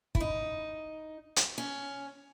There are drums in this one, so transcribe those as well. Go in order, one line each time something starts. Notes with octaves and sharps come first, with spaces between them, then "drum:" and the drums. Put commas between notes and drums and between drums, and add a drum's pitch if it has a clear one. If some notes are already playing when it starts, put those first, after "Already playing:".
E4, drum: kick
D#4
drum: hi-hat
C#4